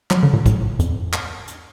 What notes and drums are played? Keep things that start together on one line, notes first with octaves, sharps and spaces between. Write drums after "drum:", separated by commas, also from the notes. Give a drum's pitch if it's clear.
F#3, drum: clap
D3
A#2
A2, drum: kick, hi-hat
F2, drum: hi-hat
drum: clap
drum: hi-hat